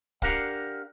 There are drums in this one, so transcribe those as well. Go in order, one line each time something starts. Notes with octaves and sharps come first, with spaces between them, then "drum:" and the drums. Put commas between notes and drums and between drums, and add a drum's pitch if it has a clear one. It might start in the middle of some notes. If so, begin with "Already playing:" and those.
D4 G4 A#4 F5 F#5, drum: kick